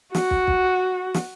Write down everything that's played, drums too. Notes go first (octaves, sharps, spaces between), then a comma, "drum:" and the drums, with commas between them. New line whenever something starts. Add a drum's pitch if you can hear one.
F#4, drum: snare
drum: kick
drum: kick
drum: snare